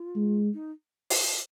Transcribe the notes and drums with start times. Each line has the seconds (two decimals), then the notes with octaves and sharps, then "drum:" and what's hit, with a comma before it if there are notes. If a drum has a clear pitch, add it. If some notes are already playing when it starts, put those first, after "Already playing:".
Already playing: F4
0.15 G#3
0.54 D#4
1.10 drum: open hi-hat